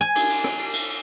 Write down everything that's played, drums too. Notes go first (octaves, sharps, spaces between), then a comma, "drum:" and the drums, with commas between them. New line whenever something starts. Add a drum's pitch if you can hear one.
G#5
drum: cymbal
drum: cymbal
drum: rim click
drum: cymbal
drum: cymbal